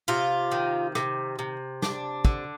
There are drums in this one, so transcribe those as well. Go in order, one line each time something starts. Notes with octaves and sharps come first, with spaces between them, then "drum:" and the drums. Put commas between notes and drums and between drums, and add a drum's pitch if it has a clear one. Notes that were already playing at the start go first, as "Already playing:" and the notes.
C3 F4
D#3
C3, drum: rim click
C3
D4, drum: snare
D3, drum: kick